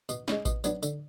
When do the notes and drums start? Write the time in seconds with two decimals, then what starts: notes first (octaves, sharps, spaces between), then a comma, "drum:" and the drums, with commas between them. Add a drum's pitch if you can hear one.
0.09 B2, drum: tambourine
0.28 G#3 C#4 E4, drum: snare
0.45 B2, drum: kick A1, tambourine
0.64 F#3 B3 D4, drum: tambourine
0.83 D3, drum: tambourine